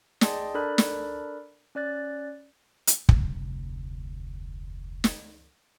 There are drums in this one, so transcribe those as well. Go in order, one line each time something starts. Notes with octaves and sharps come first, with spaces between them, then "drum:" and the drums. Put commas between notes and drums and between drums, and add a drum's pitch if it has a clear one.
G#4 D5 D#5 G5 A5 C6, drum: snare
D4 A4 A#4 D5 B5 F#6
drum: snare
C#4 D5 F#6 A6
drum: hi-hat
F1 D2, drum: kick
drum: snare